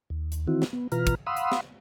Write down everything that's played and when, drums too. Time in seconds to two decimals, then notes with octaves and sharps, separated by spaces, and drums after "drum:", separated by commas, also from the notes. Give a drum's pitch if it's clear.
0.10 D#2
0.32 drum: hi-hat
0.47 D#3 E3 C4 E4 F#4
0.62 drum: snare
0.73 B3
0.92 B2 E3 F4 B4 A#5 F6, drum: hi-hat
1.07 drum: kick, hi-hat
1.27 F5 F#5 B5 C6 D#6 E6
1.37 drum: hi-hat
1.52 drum: snare